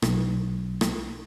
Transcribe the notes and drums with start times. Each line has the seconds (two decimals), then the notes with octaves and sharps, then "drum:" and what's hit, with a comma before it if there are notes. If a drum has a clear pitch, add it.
0.02 B1, drum: rim click
0.81 drum: rim click